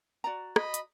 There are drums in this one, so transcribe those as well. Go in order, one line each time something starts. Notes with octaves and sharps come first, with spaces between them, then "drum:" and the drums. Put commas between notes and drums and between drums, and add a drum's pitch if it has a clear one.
F#4 D5 A#5
D#5 B5, drum: rim click
drum: hi-hat